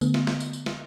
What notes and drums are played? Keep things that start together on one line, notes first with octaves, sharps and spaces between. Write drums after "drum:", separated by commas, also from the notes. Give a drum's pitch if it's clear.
D3 A3 B3, drum: tambourine
drum: snare
drum: snare
drum: tambourine
drum: tambourine
drum: snare